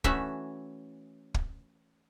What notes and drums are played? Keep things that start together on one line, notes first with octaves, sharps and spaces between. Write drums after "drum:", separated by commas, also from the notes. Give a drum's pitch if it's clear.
E3 A3 C#4 F#4 E5, drum: kick
drum: kick